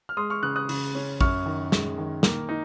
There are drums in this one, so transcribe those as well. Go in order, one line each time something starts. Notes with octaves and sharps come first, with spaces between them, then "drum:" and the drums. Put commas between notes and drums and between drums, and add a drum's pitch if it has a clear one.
F6
G#3 C6 D#6
C#6 F6
C#3 D#6 F#6
D#6 F#6
C#3, drum: open hi-hat
C#4
F#2 C#6 F6, drum: kick A1
D#3
G#3, drum: snare
D#3
A#3, drum: snare
D#4